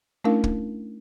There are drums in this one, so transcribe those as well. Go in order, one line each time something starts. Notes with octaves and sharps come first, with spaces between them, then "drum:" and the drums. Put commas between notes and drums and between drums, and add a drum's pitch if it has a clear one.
A3 C#4 D4 E4 A#4 F5
drum: kick